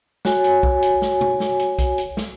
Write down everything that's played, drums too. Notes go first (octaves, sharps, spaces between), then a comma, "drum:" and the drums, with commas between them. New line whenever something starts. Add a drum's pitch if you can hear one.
F#4 C#5 G#5, drum: snare
drum: hi-hat
drum: kick B1
drum: hi-hat
drum: snare
drum: tom B2
drum: snare
drum: hi-hat
drum: kick B1, hi-hat
drum: hi-hat
drum: snare